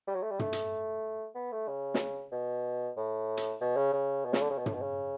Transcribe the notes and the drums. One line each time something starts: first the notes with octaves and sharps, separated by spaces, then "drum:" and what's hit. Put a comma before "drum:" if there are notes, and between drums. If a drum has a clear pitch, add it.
G3
F#3
A3
G3
A3, drum: tom
drum: hi-hat
B3
A3
C#3
drum: snare
B2
A2
drum: hi-hat
B2
C#3
C#3
B2
C#3, drum: snare
D3
C#3
B2
A2, drum: tom
B2
C#3